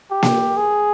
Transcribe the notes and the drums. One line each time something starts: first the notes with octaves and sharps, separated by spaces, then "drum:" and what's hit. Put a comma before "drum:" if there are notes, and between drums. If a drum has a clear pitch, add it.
G4
drum: snare A#3
G#4